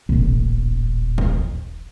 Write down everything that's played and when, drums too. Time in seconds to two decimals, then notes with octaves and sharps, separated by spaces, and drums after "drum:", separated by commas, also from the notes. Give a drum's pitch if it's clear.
0.09 D#1 A1
1.18 drum: kick A#1